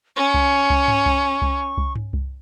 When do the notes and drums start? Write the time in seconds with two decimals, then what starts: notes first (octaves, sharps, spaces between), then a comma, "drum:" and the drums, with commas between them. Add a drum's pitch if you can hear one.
0.16 C#4 C#6
0.34 drum: kick C2
0.70 drum: kick C2
0.88 drum: tom G2
1.06 drum: kick C2
1.42 drum: kick C2
1.78 drum: kick C2
1.95 drum: tom G2
2.13 drum: kick C2